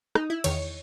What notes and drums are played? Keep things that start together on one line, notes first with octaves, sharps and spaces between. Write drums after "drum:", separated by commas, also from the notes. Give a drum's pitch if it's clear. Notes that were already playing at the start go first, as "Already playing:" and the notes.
D#4, drum: rim click
E4
E2 D#3 C#5, drum: cymbal